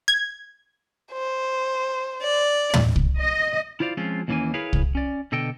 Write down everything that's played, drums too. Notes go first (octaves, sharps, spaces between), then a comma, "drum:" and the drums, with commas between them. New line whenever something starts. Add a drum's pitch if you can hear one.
G#6
C5
D5
drum: tom
drum: kick
D#5
E4 F4 C5 D5 F5
F3 G#3 C4 C#4 F4
D#2 A#2 E3 A#3 C#4 G#5
E4 G#4 A#4 B4 C#5 F5
drum: kick
C#4 D5
B2 D3 A4 D#5 G5